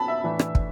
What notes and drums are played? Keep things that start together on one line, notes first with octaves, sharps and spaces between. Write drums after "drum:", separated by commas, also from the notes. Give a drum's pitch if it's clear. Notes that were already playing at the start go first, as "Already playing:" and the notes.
Already playing: B2 A5 B5
E5
A2 E3 A3 D4
drum: rim click
drum: kick